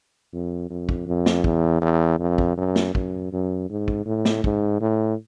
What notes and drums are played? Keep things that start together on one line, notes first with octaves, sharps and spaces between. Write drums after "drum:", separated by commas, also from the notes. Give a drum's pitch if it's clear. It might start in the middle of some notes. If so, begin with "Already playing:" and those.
F2
F2
drum: kick
F2
drum: snare
E2, drum: kick
E2
F2
drum: kick
F#2
drum: snare
F#2, drum: kick
F#2
G#2
drum: kick
A2
drum: snare
G#2, drum: kick
A2